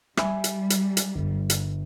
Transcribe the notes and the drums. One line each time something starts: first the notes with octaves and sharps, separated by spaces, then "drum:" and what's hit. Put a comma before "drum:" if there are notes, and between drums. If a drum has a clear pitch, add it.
G3 E5 G#5 B5, drum: rim click
drum: hi-hat
drum: hi-hat
drum: hi-hat
G1
drum: hi-hat